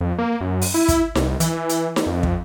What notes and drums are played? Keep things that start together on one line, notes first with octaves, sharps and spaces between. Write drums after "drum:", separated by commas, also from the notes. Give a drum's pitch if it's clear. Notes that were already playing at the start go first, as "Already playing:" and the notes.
F2
A#3
F#2
drum: open hi-hat
E4
drum: kick, hi-hat
C2, drum: snare D#4
E3, drum: hi-hat
drum: hi-hat
drum: snare D#4
F2
drum: kick